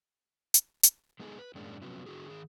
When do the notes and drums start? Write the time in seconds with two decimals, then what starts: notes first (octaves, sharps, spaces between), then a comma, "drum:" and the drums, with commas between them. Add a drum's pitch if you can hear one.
0.54 drum: hi-hat
0.83 drum: hi-hat
1.20 G#3 B3 D#4 G#4 A4
1.38 B4
1.55 F#2 A2 G#3 A#3 C#4 D4
1.81 C3 F3 F#3 B3 C#4
2.06 D3 F#4 G#4
2.30 D#3 G#4